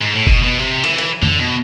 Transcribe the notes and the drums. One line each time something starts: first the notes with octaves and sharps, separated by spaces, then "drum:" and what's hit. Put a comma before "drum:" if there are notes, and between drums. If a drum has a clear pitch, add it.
G#2
A2
B2, drum: kick F#1
B2
C3
E3, drum: cymbal
drum: cymbal
D3, drum: tom F2
B2